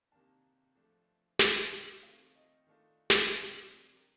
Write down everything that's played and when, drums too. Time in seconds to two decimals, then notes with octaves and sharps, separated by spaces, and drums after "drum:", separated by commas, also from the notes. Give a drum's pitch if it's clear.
0.11 C3 D#3 A#3 D4 A5
0.75 F3 A3 D4 A4
1.39 D#3 A3 D4 G4 G5, drum: snare
2.03 D#3 A3 C4 F4 A4 F5
2.35 D#5
2.67 D#3 A3 D4 F4 A4
3.10 drum: snare
3.31 C3 F3 C4 F4 D5
3.95 G3 D4 G4 A#4